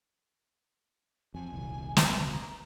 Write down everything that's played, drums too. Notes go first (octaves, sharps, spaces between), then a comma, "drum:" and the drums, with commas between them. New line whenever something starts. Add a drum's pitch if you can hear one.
F2 G#5
D#1 C2
A#5, drum: snare